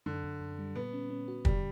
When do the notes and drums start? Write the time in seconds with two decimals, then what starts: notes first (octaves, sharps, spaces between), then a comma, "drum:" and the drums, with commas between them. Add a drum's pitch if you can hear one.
0.06 F#2 D3
0.24 F#2
0.41 F#2
0.59 G3
0.75 A#2 B3
0.93 C#4
1.10 C#4
1.28 F#4
1.45 D3 G3, drum: kick